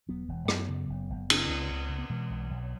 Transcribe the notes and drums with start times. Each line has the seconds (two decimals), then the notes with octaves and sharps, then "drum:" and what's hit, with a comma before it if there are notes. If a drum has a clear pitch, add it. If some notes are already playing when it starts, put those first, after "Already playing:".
0.08 E1 F#3 B3
0.29 E1 E3
0.48 F#2 F#3 B3, drum: rim click
0.68 C#3
0.89 F#1
1.10 F#1
1.30 C#3, drum: cymbal
1.49 C#2
1.70 C#2
1.89 C#3
1.99 B3
2.10 B2 E3 G#3
2.30 B1
2.50 B1 F#3